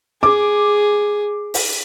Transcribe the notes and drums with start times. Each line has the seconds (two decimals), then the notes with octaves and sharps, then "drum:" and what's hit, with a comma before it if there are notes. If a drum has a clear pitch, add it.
0.23 G#4 D6
1.54 drum: open hi-hat